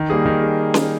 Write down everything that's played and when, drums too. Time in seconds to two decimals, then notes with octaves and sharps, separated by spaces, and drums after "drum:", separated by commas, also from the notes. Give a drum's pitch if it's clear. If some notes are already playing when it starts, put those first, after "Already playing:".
Already playing: D#3
0.10 G3 A#3 D#4 G#4
0.26 D#3
0.42 G#4
0.74 drum: snare C#4